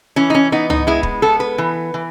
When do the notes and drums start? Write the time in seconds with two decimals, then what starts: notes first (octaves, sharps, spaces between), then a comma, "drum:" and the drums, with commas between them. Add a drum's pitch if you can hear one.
0.16 E3 C#4
0.30 D#4
0.35 C#4
0.52 B3 D#4
0.70 D#4, drum: tom C#2
0.87 G#3 E4
1.03 drum: kick
1.22 B3 A4
1.40 B4
1.58 E3
1.94 E3